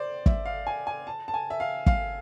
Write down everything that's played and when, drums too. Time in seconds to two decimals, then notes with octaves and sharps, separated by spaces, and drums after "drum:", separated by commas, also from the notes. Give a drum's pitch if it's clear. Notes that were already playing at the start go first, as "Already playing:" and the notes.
Already playing: C5 D5
0.26 E5, drum: kick
0.46 F5
0.67 G#5
0.87 G#5
1.07 A5
1.28 A5
1.34 G#5
1.50 E5
1.60 F5
1.86 F5, drum: kick